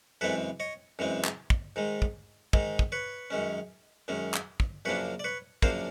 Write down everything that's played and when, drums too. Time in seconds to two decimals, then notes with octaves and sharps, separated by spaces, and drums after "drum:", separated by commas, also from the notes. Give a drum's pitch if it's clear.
0.21 F#2 C#3 E3 G#3 C4 A4 B4
0.60 C#5 D#5
0.99 F#2 C#3 E3 G#3 C4
1.24 drum: clap
1.50 drum: kick
1.76 G#2 D#3 G#3
2.02 drum: kick
2.53 G#2 D#3 G#3, drum: kick
2.79 drum: kick
2.92 B4 C#5
3.30 F#2 D#3 G#3 C#4
4.08 F#2 D#3 G#3 C#4
4.34 drum: clap
4.60 drum: kick
4.85 F#2 C#3 F3 A#3 D4 B4 C#5
5.19 D5
5.24 B4 C#5
5.62 F#2 C#3 F3 A#3 D4 A#4 C5, drum: kick